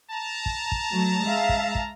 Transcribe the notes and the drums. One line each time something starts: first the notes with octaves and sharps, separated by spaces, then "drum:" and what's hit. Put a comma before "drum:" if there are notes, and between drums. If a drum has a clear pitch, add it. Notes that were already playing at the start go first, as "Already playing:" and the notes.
A5 A#5
drum: kick
drum: kick
F#3 A3
G#3 E5 F5
drum: kick
drum: kick